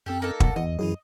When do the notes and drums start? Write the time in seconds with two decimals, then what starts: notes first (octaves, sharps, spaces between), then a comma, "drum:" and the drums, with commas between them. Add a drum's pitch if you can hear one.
0.06 F#2 C4 G4 A4
0.22 A#3 D#4 A4
0.40 B1 F#5, drum: kick
0.56 E2 D#5
0.79 F#2 E3 E4 G#4